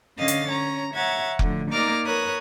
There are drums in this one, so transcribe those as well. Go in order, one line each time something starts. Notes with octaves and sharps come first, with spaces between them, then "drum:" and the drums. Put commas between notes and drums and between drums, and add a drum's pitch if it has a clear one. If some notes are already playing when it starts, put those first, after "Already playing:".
D3 C#4 D#5 F5 A6
drum: hi-hat
C#4 C#5 A#5
C#5 E5 F#5 A#5 G#6 A6
A2 D3 F3, drum: kick F1
A#3 D#4 D5 D6 F6 A#6
A#4 B4 C#5 D#6 F#6